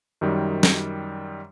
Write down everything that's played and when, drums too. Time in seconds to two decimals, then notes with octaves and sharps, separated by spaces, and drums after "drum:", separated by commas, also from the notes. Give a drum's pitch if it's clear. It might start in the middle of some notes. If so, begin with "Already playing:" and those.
0.21 F#2 D#3 G3
0.63 drum: snare